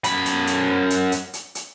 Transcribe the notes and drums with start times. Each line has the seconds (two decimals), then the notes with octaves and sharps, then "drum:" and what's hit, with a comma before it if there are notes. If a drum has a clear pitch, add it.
0.04 F#2 B5, drum: hi-hat
0.26 drum: hi-hat
0.47 drum: hi-hat
0.90 drum: hi-hat
1.12 drum: hi-hat
1.33 drum: hi-hat
1.55 drum: hi-hat